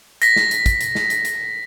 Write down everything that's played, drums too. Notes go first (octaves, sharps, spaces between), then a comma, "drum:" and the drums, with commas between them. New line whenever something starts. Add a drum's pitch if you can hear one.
A#6 B6, drum: hi-hat
drum: snare
drum: hi-hat
drum: kick, hi-hat
drum: hi-hat
drum: snare
drum: hi-hat
drum: hi-hat